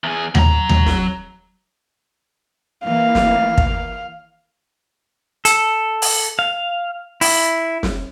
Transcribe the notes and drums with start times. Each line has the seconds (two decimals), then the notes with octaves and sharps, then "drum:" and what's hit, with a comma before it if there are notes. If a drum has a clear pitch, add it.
0.04 E2 G#4
0.35 F#3 A#5, drum: tom D#2
0.69 drum: tom D#2
0.86 drum: snare
2.84 E3 A#3 F5
3.15 drum: snare
3.58 drum: kick
5.45 A4, drum: hi-hat
6.02 drum: open hi-hat
6.39 F5
7.21 E4, drum: open hi-hat
7.83 drum: snare